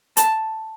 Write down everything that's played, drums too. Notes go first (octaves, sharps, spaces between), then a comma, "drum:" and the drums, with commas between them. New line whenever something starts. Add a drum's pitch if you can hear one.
A5, drum: hi-hat